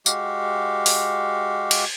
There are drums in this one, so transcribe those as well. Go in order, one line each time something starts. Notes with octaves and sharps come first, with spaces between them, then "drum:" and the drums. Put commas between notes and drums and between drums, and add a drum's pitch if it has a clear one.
G#3 F#4 G4 F5, drum: tambourine
drum: open hi-hat
drum: cymbal